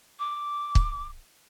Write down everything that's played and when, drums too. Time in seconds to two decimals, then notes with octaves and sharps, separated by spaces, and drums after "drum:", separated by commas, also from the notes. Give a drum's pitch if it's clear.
0.19 D6
0.75 drum: kick